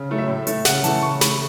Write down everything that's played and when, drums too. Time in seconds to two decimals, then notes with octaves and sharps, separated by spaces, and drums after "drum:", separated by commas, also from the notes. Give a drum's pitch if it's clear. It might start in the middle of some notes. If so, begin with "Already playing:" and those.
Already playing: C#3
0.09 F#3 A3
0.18 E5
0.28 A2
0.47 A3, drum: hi-hat
0.65 C#3 F#5, drum: snare
0.84 E3 A3 A5, drum: hi-hat
1.02 C#3 C#6
1.21 A3 B5, drum: snare